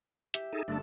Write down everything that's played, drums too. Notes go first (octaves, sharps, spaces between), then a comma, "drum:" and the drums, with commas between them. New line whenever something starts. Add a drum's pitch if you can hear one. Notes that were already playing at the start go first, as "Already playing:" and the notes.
G4 E5, drum: hi-hat
D#4 G#4 A4
G1 A3 D4 A4